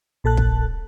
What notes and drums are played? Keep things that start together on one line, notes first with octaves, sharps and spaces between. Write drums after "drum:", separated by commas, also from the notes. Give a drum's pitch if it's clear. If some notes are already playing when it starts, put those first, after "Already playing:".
A#1 A#2 A4 A5 F#6
drum: kick